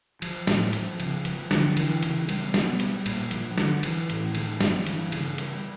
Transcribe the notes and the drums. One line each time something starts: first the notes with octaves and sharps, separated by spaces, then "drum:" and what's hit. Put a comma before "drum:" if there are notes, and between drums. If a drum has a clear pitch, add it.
F3, drum: cymbal
A2, drum: snare
F3, drum: cymbal
C#3, drum: cymbal
F3, drum: cymbal
D3, drum: snare
E3, drum: cymbal
C#3, drum: cymbal
G3, drum: cymbal
B2, drum: snare
G3, drum: cymbal
A#2, drum: cymbal
F3, drum: cymbal
D3, drum: snare
E3, drum: cymbal
A2, drum: cymbal
D#3, drum: cymbal
G2, drum: snare
E3, drum: cymbal
C#3, drum: cymbal
G3, drum: cymbal